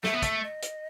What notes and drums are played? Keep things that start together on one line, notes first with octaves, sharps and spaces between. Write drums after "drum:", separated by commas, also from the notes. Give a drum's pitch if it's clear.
A3 E5, drum: snare
B3
A3, drum: kick, hi-hat
D#5
drum: hi-hat